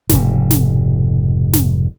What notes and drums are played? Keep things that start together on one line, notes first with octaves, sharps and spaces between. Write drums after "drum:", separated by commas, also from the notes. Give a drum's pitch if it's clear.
F1 G#2 B2, drum: snare
drum: snare
drum: snare